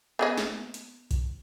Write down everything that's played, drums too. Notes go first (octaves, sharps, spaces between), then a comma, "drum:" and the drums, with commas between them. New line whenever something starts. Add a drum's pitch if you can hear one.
B3 G#4 D#5
drum: snare
drum: hi-hat
drum: kick B1, hi-hat